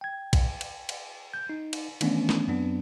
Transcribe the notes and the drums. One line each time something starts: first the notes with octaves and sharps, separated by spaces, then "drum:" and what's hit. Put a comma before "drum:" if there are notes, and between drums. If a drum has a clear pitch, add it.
G5 G#6
drum: kick B1, cymbal
drum: cymbal
drum: cymbal
G6
D#4
drum: cymbal
D#3 E3 A3 B3 C#4 D4, drum: cymbal
drum: snare
F#2 F#3 B3 C4 D4